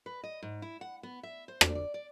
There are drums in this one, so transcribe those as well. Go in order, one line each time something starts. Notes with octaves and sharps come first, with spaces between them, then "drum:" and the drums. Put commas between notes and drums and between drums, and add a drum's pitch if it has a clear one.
B4
D#5
G#2
E4
F#5
B3
E5
C5
D5, drum: rim click
D5
D5